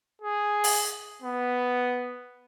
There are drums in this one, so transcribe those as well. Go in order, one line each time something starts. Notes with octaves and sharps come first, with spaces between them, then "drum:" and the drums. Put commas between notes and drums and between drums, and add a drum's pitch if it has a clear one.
G#4
drum: open hi-hat
B3